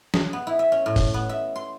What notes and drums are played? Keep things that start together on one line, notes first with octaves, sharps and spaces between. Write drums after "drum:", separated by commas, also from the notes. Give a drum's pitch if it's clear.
G#4, drum: snare
B3
E4
E5
C#4
A2
drum: kick F1, open hi-hat
B3
E5
C6